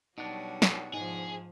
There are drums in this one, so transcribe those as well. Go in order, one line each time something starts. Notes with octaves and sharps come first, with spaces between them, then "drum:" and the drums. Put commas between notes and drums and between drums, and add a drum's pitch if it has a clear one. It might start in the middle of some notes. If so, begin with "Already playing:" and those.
B2 F#3 G3 D4 D#4 C#5
drum: snare
G#2 F3 D#4 G#4